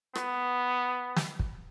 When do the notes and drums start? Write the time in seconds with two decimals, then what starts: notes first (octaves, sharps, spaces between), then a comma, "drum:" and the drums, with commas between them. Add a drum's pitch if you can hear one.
0.15 B3, drum: rim click
1.16 drum: snare
1.39 drum: kick